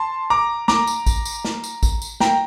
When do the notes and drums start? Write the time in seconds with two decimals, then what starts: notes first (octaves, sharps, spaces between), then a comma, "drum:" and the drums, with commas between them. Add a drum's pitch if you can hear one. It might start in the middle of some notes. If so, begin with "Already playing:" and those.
Already playing: A5 C6
0.30 A#5 D6
0.68 A#5 D6, drum: snare
0.87 drum: tambourine
1.06 drum: kick A1, tambourine
1.25 drum: tambourine
1.45 drum: snare
1.64 drum: tambourine
1.83 drum: kick A1, tambourine
2.02 drum: tambourine
2.20 G5 A#5, drum: snare